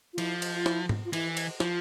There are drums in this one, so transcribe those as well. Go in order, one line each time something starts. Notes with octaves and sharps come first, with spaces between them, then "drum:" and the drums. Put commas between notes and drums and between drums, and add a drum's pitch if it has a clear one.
F4
F3 E4, drum: cymbal
drum: cymbal
F4
E4, drum: snare
drum: tom G#2
F4
E3 E4, drum: cymbal
drum: cymbal
F3 F4, drum: snare